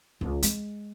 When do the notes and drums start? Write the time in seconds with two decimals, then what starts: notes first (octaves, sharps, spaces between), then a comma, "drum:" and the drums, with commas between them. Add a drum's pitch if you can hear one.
0.21 C#2
0.42 G#3, drum: hi-hat